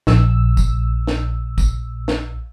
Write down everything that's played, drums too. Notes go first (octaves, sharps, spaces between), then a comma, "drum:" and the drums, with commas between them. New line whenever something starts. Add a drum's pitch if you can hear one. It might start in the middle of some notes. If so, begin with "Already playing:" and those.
A#1 E6, drum: snare
drum: kick, tambourine
drum: snare
drum: kick, tambourine
drum: snare